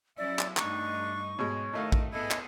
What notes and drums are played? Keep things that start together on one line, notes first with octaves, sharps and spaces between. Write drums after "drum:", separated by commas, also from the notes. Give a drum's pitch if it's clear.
F#3 C#4 E4 D5 E5
drum: clap
G2 A3 D4 D#4 C#6, drum: clap
G#2 B2 G#3 C#5
A2 D#3 A3 D#4 D#5 F5
drum: kick
B3 E4 G#4 A4 D#5
drum: clap